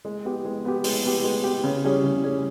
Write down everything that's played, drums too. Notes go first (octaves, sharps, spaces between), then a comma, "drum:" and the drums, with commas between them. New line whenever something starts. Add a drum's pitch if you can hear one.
G#3
B3 G4
G#3
B3 G4
G#3, drum: open hi-hat
B3 G4
G#3
B3 G4
C#3
G3 C#4 G#4 C#5
C#3
G3 C#4 G#4 C#5